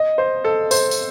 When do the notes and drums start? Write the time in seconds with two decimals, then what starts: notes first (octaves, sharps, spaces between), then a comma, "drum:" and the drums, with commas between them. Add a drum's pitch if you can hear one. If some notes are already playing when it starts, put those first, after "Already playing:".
Already playing: D#5
0.18 C5
0.44 A4
0.71 C5, drum: tambourine
0.91 drum: tambourine